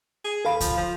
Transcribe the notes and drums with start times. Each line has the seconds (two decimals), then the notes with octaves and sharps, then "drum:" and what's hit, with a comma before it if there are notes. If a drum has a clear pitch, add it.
0.25 G#4
0.45 D#2 A4 F5 B5
0.60 F3, drum: kick C#2, hi-hat
0.77 F3